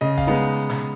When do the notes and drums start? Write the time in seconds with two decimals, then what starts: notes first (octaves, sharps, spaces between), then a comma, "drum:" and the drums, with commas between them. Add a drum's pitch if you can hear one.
0.01 C#3 D#5
0.18 F5, drum: kick, open hi-hat
0.27 G#3 B3 D#4
0.52 drum: open hi-hat
0.69 drum: snare